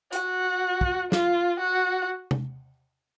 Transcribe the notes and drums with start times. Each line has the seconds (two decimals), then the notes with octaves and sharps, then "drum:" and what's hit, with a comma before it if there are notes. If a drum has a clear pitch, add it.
0.13 F#4, drum: hi-hat
0.81 drum: kick
1.12 F4, drum: snare
1.60 F#4
2.31 drum: tom C3